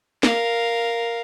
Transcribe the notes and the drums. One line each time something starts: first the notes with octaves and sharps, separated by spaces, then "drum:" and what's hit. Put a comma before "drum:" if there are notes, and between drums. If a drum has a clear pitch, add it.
A#4 F5, drum: snare